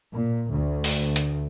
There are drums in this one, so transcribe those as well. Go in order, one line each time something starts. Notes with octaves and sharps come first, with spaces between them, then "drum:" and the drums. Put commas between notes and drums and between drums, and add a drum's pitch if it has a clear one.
A#2
D2
drum: open hi-hat
drum: hi-hat